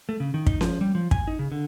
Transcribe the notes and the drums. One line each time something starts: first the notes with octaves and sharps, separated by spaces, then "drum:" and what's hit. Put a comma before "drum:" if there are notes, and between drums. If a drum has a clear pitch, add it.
A3
C#3
D#3
D#4, drum: kick
F3, drum: snare C#4
G3
F3
G#5, drum: kick
D#4
C#3
D3